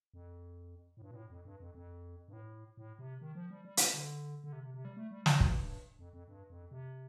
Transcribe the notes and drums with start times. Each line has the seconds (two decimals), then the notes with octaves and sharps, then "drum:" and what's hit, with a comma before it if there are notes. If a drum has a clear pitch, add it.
0.14 F2
0.97 A2
1.02 G2
1.11 A#2
1.16 A2
1.30 F2
1.45 G2
1.60 F2
1.75 F2
2.28 G2
2.33 A2
2.77 A2
2.99 C3
3.21 D#3
3.35 F3
3.51 G3
3.65 G3
3.77 drum: hi-hat
3.94 D3
4.44 D3
4.53 C3
4.63 C3
4.74 C3
4.85 G3
4.97 A3
5.11 G3
5.26 A2, drum: snare
5.40 G2, drum: kick
5.62 G2
5.99 F2
6.13 F2
6.28 G2
6.50 F2
6.71 C3